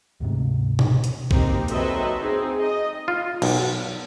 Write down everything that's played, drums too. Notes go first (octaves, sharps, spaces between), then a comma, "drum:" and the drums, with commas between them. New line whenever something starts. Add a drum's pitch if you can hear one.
D2 G#2 C3
drum: tom B2
drum: hi-hat
A#3 C4 D#4 G4, drum: kick A#1
F#3 C4 A4 B4 D#5 E5, drum: hi-hat
C4 D#4 G#4
D#5
F4
B1, drum: cymbal